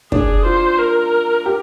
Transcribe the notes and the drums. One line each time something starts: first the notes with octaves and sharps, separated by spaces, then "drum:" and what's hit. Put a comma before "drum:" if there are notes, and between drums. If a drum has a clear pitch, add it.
D4 G#4, drum: kick
F4 C5
A#4
G4